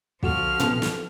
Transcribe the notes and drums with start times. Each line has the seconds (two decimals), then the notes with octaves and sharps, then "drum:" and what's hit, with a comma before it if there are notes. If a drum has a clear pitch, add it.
0.23 D3 F3 F#4 F6, drum: kick
0.60 B3 C4 A4, drum: tom A#2
0.82 drum: snare